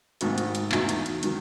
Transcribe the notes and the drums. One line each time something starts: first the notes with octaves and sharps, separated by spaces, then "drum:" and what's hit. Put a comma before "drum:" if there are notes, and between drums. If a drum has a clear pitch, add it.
G#1 G#2 D#3 A3, drum: hi-hat
drum: hi-hat
drum: hi-hat
E2 B2 A3 D#4 F#4, drum: clap
drum: hi-hat
drum: hi-hat
D#3 F#3, drum: hi-hat